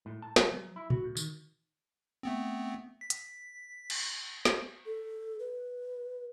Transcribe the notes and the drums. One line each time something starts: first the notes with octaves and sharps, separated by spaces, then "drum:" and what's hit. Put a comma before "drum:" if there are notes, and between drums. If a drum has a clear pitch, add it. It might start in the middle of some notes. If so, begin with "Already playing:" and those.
A2
A5
F#3, drum: snare
F#3
E4
F#4, drum: tom A#2
D2
D#3, drum: tambourine
A3 B3 C4
B6
drum: hi-hat
drum: cymbal
drum: snare
A4
B4